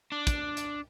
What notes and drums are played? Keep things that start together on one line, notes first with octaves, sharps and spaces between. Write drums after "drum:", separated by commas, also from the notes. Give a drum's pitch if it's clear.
D4
drum: kick, hi-hat
drum: hi-hat